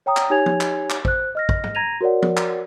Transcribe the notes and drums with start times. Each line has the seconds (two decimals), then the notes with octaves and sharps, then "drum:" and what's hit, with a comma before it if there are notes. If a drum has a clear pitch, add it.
0.06 C#5 G5 A#5 D#6
0.17 drum: clap
0.30 D#4 G4 C#5 G#5 G#6 F7
0.46 drum: tom
0.61 drum: clap
0.90 drum: clap
1.05 C5 F#6, drum: kick
1.35 D#5 F6 A#6
1.49 drum: kick
1.64 drum: tom G#2
1.75 A#5 G#6 A#6 D#7 F7
2.01 F#4 A#4 C#5 D5 F#5
2.22 drum: tom
2.37 drum: clap